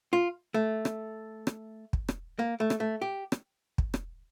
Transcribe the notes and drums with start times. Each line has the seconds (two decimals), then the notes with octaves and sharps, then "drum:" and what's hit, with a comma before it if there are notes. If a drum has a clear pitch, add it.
0.13 F4
0.54 A3
0.85 drum: rim click
1.47 drum: rim click
1.93 drum: kick
2.09 drum: rim click
2.39 A#3
2.60 A3
2.70 drum: rim click
2.80 A3
3.02 G4
3.32 drum: rim click
3.78 drum: kick
3.94 drum: rim click